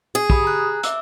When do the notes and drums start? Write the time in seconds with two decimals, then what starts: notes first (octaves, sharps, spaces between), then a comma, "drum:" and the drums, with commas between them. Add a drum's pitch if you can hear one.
0.15 G#4
0.30 G4 B5 D#6, drum: kick
0.44 A#5 F#6
0.83 E5 D6 E6, drum: hi-hat